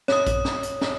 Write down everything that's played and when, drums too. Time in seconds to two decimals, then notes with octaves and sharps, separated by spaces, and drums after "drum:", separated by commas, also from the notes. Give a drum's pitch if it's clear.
0.08 C#5 D#6, drum: snare
0.27 drum: kick A#1, hi-hat
0.45 drum: snare
0.63 drum: hi-hat
0.81 drum: snare